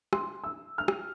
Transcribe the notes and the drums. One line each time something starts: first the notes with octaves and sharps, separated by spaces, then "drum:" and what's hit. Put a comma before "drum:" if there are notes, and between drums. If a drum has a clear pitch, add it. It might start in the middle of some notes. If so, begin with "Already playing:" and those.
C6, drum: rim click
E6
F6
drum: rim click